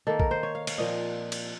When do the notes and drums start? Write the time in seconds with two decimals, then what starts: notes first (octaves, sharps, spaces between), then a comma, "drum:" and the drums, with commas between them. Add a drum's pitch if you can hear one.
0.07 D#3 A#3 A4
0.20 A#4, drum: kick B1
0.31 C5
0.43 C#5
0.55 F5
0.67 F5, drum: cymbal
0.78 A#2 F3 C4 D#5
1.32 drum: cymbal